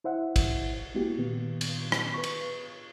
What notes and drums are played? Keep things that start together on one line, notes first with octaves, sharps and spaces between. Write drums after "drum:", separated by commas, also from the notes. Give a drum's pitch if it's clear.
E4 C5 E5 F#5
drum: kick, cymbal
G#3 A#3 B3 E4 F#4 G4
A#2 D#3 B3
drum: cymbal
drum: rim click
B4 C#6
drum: cymbal